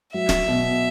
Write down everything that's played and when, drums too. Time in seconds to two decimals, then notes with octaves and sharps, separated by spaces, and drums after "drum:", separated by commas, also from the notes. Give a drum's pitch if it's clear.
0.13 F#3 E5
0.29 drum: snare
0.48 B2